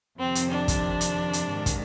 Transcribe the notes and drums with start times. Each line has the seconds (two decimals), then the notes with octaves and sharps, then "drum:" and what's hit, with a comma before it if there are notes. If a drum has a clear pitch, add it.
0.19 F2 C3 D#3 C4
0.35 drum: hi-hat
0.52 D4
0.68 drum: kick, hi-hat
1.01 drum: hi-hat
1.33 drum: hi-hat
1.50 G#2 D#3
1.66 drum: kick, hi-hat